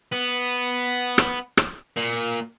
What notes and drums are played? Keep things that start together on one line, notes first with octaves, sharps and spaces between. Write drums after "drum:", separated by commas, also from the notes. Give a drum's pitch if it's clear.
B3
drum: rim click
drum: rim click
A#2